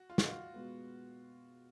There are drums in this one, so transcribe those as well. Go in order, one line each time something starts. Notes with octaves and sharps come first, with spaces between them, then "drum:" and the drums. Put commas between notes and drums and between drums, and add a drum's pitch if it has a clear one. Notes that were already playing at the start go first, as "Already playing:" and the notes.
Already playing: F#4
F4
F#4, drum: snare
F4
B2 G#3 B3